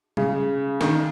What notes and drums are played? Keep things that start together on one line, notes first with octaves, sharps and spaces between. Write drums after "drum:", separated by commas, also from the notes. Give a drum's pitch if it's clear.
C#3, drum: tom G3
D#3, drum: snare